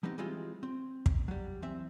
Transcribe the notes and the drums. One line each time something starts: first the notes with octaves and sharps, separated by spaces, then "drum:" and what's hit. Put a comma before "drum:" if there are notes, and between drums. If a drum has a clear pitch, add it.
F3 G3 B3 C4 D#4
E3 G3 G#3 C4 F4
C4
drum: kick
F#3 G3
E3 C4 E5